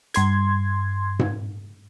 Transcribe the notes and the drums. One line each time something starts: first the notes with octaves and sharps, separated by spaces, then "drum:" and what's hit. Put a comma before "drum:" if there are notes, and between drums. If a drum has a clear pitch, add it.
G2 C6 G#6, drum: hi-hat
drum: tom G#2